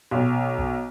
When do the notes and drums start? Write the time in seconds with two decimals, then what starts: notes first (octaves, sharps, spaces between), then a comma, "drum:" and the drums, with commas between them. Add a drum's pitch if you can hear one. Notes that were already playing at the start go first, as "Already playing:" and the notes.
0.11 B1
0.59 drum: kick B1